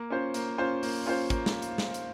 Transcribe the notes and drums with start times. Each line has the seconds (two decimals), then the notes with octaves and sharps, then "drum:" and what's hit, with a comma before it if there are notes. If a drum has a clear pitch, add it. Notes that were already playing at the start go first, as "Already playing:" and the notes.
Already playing: A#3
0.10 C#4 F4 C5
0.34 A#3, drum: hi-hat
0.58 C#4 F4 C5
0.83 A#3, drum: open hi-hat
1.06 C#4 F4 C5
1.30 A#3, drum: kick, hi-hat
1.46 drum: snare
1.62 drum: hi-hat
1.78 drum: snare
1.94 drum: hi-hat